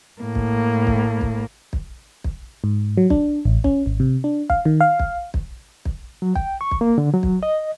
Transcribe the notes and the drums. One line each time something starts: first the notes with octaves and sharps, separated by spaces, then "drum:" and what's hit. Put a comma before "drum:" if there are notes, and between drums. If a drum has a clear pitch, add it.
A2 A#3
drum: kick
drum: kick
drum: kick
drum: kick
drum: kick
G#2
F#3
D4, drum: kick
A1
C#4, drum: kick
G#1
C3
D4
F5, drum: kick
D#3
F5
drum: kick
drum: kick
drum: kick
F#3
G5, drum: kick
C#6
drum: kick
A#3
D3
F#3
drum: kick
D#5